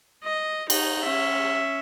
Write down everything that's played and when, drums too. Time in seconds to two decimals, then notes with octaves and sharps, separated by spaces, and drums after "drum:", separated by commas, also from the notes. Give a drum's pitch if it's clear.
0.24 D#5
0.70 D#4, drum: cymbal
1.04 C#4 E5